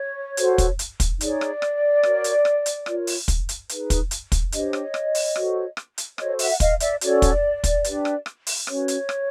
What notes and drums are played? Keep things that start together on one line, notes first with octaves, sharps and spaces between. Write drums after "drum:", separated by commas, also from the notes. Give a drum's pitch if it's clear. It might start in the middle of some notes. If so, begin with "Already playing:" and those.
Already playing: C#5
F#4 A4 C5, drum: hi-hat
drum: kick, hi-hat
drum: hi-hat
drum: kick, hi-hat
D#4 G#4 C#5 D5, drum: hi-hat
drum: rim click
drum: rim click
F#4 A#4 C#5, drum: rim click
drum: hi-hat
drum: rim click
drum: hi-hat
F4 A#4 C#5, drum: rim click
drum: open hi-hat
drum: kick, hi-hat
drum: hi-hat
D#4 G#4 B4, drum: hi-hat
drum: kick, hi-hat
drum: hi-hat
drum: kick, hi-hat
D4 G4 C5 C#5 D#5, drum: hi-hat
drum: rim click
drum: rim click
drum: open hi-hat
F#4 A4 C5, drum: rim click
drum: rim click
drum: hi-hat
F#4 A4 C5 C#5 D#5, drum: rim click
E5 F#5, drum: open hi-hat
F#5
D#5 F5, drum: kick, hi-hat
D5 E5, drum: hi-hat
C#4 F#4 A4 C#5 D5, drum: hi-hat
drum: kick, hi-hat
drum: kick, hi-hat
D4 G4 B4, drum: hi-hat
drum: rim click
drum: rim click
drum: open hi-hat
C#4 F#4 B4 C#5, drum: rim click
drum: hi-hat
drum: rim click